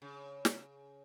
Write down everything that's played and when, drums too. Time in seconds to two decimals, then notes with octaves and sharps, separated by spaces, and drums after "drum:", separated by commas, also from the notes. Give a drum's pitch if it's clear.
0.02 C#3
0.45 drum: snare